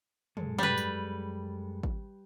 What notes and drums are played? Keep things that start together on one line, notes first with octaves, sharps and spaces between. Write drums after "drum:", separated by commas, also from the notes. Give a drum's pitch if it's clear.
F#2 G#3 A4, drum: tom
G3 B4, drum: tom
drum: tambourine
drum: kick G#1